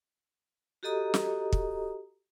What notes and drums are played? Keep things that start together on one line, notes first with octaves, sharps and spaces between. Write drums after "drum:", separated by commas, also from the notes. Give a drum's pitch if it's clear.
F#4 G4 A4 D#5 A#5 D#6
drum: snare
drum: kick